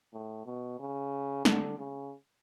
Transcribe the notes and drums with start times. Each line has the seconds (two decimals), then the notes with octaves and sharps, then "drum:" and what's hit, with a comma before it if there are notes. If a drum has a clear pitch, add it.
0.13 A2
0.46 B2
0.79 C#3
1.45 D3, drum: snare
1.78 C#3